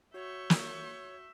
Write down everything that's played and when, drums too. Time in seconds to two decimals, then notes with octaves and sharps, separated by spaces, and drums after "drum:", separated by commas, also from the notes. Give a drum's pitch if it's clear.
0.14 F#4 C#5 E5 C#6 G6
0.50 drum: snare